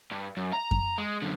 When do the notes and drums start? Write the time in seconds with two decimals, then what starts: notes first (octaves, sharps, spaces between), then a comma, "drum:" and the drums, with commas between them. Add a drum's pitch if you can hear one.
0.11 G2
0.37 F#2
0.53 A#5
0.71 drum: kick F#2
0.98 G#3
1.22 F#2 D3